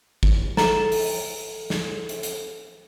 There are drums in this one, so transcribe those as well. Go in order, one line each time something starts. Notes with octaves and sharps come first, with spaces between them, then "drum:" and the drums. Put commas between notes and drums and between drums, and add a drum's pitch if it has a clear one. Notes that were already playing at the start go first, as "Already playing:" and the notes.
drum: kick
A4 A#5, drum: snare
drum: open hi-hat
drum: snare
drum: hi-hat
drum: hi-hat